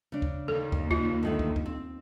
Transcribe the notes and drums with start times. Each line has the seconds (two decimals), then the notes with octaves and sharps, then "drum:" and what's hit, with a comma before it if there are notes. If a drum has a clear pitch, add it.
0.12 C#3 D4
0.22 drum: kick
0.48 D#2 A4
0.72 drum: kick
0.91 F4, drum: kick
1.23 D3 D#3 A3
1.39 drum: kick
1.56 drum: kick
1.66 C4